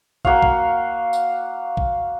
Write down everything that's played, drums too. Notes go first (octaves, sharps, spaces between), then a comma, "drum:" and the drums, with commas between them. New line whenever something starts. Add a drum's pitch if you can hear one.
A#3 F#4 F5, drum: kick
drum: kick
drum: tambourine
drum: kick